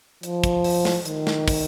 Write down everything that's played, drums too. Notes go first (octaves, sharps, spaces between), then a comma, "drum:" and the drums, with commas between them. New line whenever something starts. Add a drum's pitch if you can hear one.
F3, drum: hi-hat
drum: kick, hi-hat
drum: open hi-hat
drum: snare
D#3, drum: hi-hat
drum: snare
drum: kick, open hi-hat